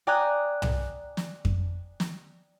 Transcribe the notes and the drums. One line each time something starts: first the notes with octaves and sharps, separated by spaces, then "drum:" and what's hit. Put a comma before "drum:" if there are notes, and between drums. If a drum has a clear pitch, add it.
D5 G5 G#5 A#5 D#6 F#6
drum: tom
drum: snare
drum: kick F2
drum: snare